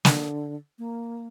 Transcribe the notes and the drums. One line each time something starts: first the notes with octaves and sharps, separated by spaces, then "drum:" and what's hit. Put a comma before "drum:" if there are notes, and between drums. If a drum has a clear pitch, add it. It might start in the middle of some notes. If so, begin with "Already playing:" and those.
D3, drum: snare
A#3